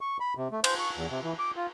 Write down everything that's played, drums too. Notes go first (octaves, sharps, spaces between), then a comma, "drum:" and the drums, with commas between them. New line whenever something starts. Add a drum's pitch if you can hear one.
C#6
B5
C3
A3
C5, drum: cymbal
C#6
E2
C3
E3
D6
F4